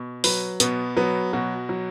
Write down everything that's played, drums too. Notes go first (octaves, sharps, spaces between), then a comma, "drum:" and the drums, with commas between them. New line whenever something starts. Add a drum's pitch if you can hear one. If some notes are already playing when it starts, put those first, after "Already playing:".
Already playing: B2
F#3 B4, drum: open hi-hat
B2 B3, drum: hi-hat
F#3 B3
B2 F#4
F#3